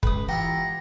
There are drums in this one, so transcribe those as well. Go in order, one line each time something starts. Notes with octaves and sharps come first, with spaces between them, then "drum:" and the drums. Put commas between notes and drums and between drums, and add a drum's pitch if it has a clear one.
C#2 B4 D#6, drum: kick
E3 E4 F4 G4 F#5 A#5